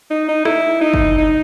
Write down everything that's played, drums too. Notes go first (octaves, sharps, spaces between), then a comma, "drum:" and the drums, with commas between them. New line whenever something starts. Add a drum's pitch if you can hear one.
D#4
D#4
E4, drum: rim click
D#4
drum: kick
D#4